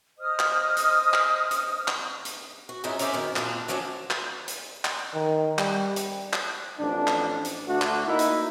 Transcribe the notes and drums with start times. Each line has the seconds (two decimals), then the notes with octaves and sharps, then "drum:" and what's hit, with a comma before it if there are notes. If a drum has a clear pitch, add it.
0.19 C5 D#5 D#6 F6
0.39 drum: clap
0.77 drum: hi-hat
1.14 drum: clap
1.51 drum: hi-hat
1.88 drum: clap
2.25 drum: hi-hat
2.69 F#4
2.84 F2 G#2 G#3 C#4 D#4 E4
2.99 C#4 A#4 C5 D5 E5, drum: hi-hat
3.13 F#2 D#3
3.36 A#2 D4 F4, drum: clap
3.68 D2 F3 F#3 C#4 D4 F#5
4.11 drum: clap
4.48 drum: hi-hat
4.85 drum: clap
5.14 D#3
5.58 G3, drum: clap
5.96 drum: hi-hat
6.33 drum: clap
6.79 A1 F2 D4
7.07 drum: clap
7.45 drum: hi-hat
7.67 D2 A3 D4 F#4
7.82 drum: clap
8.06 A#3 D#4 E4
8.19 drum: hi-hat